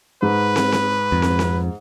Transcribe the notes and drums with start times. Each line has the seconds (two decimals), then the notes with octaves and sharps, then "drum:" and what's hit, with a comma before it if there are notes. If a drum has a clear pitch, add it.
0.22 G#2 B4
0.56 drum: snare
0.72 drum: snare
1.12 F2
1.22 drum: snare
1.39 drum: snare